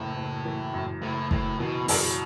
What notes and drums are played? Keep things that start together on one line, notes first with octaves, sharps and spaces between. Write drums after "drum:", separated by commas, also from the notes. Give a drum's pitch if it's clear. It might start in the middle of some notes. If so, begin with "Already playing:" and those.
Already playing: F#1 F#2 A2 E3
F#1
E3
F#2
F#1 A2
F#1 A2, drum: kick
B2 E3
F#2 B2, drum: open hi-hat